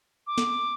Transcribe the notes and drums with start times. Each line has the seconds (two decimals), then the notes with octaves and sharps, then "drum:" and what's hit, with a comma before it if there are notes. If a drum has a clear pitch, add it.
0.27 D6
0.38 drum: snare